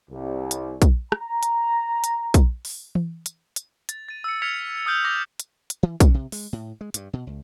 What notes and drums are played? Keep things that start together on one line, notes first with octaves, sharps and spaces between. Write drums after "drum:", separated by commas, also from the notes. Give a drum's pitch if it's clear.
C2
drum: hi-hat
drum: kick, hi-hat
A#5, drum: rim click
drum: hi-hat
drum: hi-hat
drum: kick, hi-hat
drum: open hi-hat
drum: tom E3
drum: hi-hat
drum: hi-hat
A6, drum: hi-hat
A6 D#7
E6 C#7
F6 G#6 B6 C#7 F7
D#6 F6 G6 C#7 F#7
D6 A#6 F7
drum: hi-hat
drum: hi-hat
E3
C#4, drum: kick, hi-hat
C3
G#3, drum: open hi-hat
A2
G#3
G2, drum: hi-hat
B2
C#2